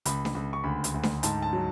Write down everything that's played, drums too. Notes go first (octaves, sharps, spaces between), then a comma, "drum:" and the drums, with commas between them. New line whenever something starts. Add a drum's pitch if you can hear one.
C#2 B5, drum: hi-hat
drum: snare D4
C#2
C#6
D2 B5
drum: hi-hat
D2
drum: snare D4
G#2 A5, drum: hi-hat
A5
F#3